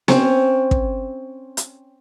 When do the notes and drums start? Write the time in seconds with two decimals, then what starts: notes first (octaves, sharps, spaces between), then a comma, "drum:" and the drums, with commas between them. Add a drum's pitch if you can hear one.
0.08 C4 C#4, drum: snare B3
0.71 drum: kick
1.57 drum: hi-hat